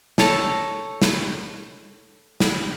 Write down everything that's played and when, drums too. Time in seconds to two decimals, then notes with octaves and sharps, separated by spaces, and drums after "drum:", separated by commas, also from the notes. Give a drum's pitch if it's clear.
0.18 A4 C#5 A5 A#5, drum: snare
1.02 drum: snare
2.40 drum: snare